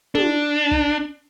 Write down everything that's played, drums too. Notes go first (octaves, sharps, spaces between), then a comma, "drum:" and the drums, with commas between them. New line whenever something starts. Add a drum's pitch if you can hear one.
D4, drum: tom
drum: kick